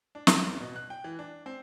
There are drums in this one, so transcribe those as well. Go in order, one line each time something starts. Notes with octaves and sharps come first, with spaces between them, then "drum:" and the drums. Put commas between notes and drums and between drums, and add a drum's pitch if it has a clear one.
D4
C#6, drum: snare
F1
B2
F#6
G5
E3
D4
C4